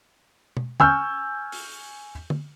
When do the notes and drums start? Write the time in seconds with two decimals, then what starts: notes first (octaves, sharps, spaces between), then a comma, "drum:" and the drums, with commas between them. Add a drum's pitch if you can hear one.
0.57 drum: tom B2
0.80 G#5 C#6 E6 F6 G6, drum: tom
1.52 drum: open hi-hat
2.30 drum: tom